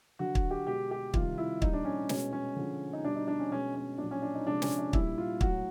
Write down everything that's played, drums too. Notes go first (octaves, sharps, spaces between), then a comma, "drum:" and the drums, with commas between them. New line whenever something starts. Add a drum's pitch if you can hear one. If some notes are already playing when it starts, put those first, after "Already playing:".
D3 F#3 F#4
drum: kick
G4
B2 G#3 G4
G4
C3 D#3 G3 F4, drum: kick
E4
A#2 G3 D#4, drum: kick
D4
C#4
B2 G#3 C#4, drum: snare
C#4
D3 F3 G#3
D#4
B2 G3 D4
D#4
D4
C#4
B2 G#3 C#4
C#4
A#2 F#3 D4
C#4
D4
D#4
C3 F3 G#3 D4
C#4, drum: snare
D4
A#2 G3 E4, drum: kick
F4
A2 F#3 F#4, drum: kick